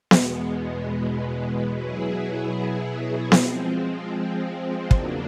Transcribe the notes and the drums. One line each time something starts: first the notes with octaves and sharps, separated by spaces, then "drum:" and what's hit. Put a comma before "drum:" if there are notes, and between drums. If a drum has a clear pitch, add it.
E2 B2 G#3 B3, drum: snare B3
B2 F#3 B3 E4 G#4
F3 G#3 C4, drum: snare B3
E2 C#3 F#3 A#3 D4, drum: kick